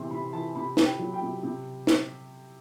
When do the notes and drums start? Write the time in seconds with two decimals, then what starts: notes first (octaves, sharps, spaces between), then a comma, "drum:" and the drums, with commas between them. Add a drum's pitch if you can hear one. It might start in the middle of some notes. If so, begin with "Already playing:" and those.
Already playing: C3 E3 C6
0.11 C3 B5
0.33 E3 A5
0.55 C3 B5
0.77 C3, drum: snare
0.84 G5
0.99 F#3
1.14 G5
1.22 C3
1.43 C3
1.87 drum: snare